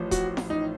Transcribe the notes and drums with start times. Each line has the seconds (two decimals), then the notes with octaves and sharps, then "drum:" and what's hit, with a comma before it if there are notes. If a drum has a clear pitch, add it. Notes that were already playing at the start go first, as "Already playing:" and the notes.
Already playing: A1 A2 F3
0.11 F#4, drum: kick D#1, hi-hat
0.37 drum: snare
0.50 D#4